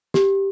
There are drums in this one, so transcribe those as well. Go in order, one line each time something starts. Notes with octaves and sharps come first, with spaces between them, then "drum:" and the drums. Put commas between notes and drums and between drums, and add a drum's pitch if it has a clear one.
G4, drum: snare